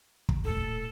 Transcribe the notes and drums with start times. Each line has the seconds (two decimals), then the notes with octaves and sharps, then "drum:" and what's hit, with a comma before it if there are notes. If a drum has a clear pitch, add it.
0.29 drum: kick
0.45 D#1 A2 A4